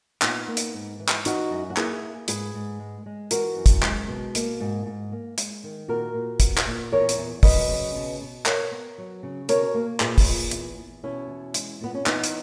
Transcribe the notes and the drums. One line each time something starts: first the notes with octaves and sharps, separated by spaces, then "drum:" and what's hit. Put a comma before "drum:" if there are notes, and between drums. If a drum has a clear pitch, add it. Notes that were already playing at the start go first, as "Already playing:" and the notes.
A#2 B3 D#4, drum: clap
A#3
drum: hi-hat
G#2
E3
drum: clap
E3 D#4 F#4, drum: hi-hat
F#2
F#4
A#3 E4 G#4, drum: clap
A#3
G#2 G#4 B4, drum: hi-hat
G#2
G#3
G#3
E3 F#4 A#4, drum: hi-hat
F#2
drum: kick, hi-hat
G#3, drum: clap
B2
A#3, drum: hi-hat
G#2
G#2
A#3
G#3, drum: hi-hat
D#3
A#2 F#4 A#4
A#2
B3, drum: kick, hi-hat
drum: clap
A#2
E2 A#4 C#5
drum: hi-hat
E2
F#2 B4 D#5, drum: kick, open hi-hat
C#3
B2
B2
B3 A#4 C#5, drum: clap
B3
F#3
C#3
B2 A#4 C#5, drum: hi-hat
A#3
A#2 G#4 B4, drum: clap
drum: kick, open hi-hat
A#2
E2, drum: hi-hat
E2
B2 C#4 E4
E2
G#3, drum: hi-hat
A#2 B3
C#4
E2 B3 D#4, drum: clap
drum: hi-hat